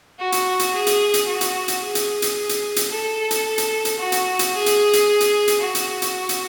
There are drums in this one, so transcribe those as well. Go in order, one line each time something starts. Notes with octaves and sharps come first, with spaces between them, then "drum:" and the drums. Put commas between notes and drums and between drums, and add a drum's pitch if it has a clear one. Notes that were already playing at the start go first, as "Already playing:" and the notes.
F#4
drum: hi-hat
drum: hi-hat
G#4
drum: hi-hat
drum: hi-hat
F#4
drum: hi-hat
drum: hi-hat
G#4
drum: hi-hat
drum: hi-hat
drum: hi-hat
drum: hi-hat
A4
drum: hi-hat
drum: hi-hat
drum: hi-hat
F#4
drum: hi-hat
drum: hi-hat
G#4
drum: hi-hat
drum: hi-hat
drum: hi-hat
drum: hi-hat
F#4
drum: hi-hat
drum: hi-hat
drum: hi-hat